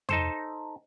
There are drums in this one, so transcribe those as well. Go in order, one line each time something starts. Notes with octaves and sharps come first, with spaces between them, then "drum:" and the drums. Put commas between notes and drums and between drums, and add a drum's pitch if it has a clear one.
D#4 A4 C5, drum: tom E2